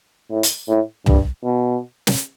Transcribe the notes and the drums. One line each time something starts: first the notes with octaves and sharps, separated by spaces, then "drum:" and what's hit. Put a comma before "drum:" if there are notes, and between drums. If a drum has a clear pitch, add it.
A2
drum: hi-hat
A2
G2, drum: tom
B2
drum: snare